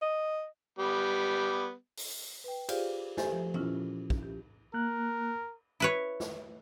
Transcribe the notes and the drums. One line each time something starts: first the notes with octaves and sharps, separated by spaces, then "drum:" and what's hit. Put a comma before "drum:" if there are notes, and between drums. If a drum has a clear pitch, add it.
D#5
G3 B3
drum: open hi-hat
B4 G5
F4 G4 G#4 C5 D5 F5, drum: cymbal
G4 A4 C5 G#5, drum: snare
F3
A#2 C#4 E4 F4, drum: tom E3
drum: kick
G4
A#3 A#4 F#6
E4 B4 C#5
drum: snare